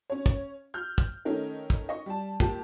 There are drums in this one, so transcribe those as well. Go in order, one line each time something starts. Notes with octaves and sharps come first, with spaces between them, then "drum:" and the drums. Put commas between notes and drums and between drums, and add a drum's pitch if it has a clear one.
C#4 C#5
drum: kick
F6 G6
drum: kick
D#3 A3 C#4 D#4 A#4
drum: kick
D#5 C#6
G3 A5
C#2 A#3 G4 A5, drum: kick